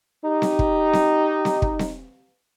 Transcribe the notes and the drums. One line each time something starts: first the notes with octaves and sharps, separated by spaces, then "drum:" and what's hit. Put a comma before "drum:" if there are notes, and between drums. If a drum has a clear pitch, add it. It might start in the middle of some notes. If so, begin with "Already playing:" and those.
D#4 G4
drum: snare C4
drum: kick
drum: snare C4
drum: snare C4
drum: kick
drum: snare C4